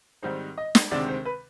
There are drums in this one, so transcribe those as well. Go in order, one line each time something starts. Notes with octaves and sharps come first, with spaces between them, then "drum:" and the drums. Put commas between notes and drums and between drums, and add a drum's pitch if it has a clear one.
G#2 D#3 G3 C4 D#4 C5
D#5
drum: snare
D2 C3 D#3 G#3 C4 D5
C5
B4